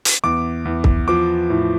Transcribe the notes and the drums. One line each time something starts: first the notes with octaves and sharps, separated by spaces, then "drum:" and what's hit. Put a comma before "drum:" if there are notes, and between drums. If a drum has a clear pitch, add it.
drum: hi-hat
E2 D6
E2
drum: kick C2
F3 D6
A2